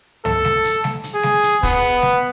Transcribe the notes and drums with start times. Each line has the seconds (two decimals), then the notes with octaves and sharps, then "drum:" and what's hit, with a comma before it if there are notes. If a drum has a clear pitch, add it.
0.25 A4, drum: tom
0.45 drum: snare G3
0.64 drum: hi-hat
0.84 drum: snare G3
1.04 drum: hi-hat
1.14 G#4
1.23 drum: snare G3
1.43 drum: hi-hat
1.63 B3, drum: kick, open hi-hat
2.02 drum: snare G3